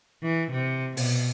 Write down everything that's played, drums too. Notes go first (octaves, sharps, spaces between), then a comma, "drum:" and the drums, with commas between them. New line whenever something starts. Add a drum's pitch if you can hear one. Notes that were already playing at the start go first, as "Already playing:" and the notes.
E3
C3
B2, drum: open hi-hat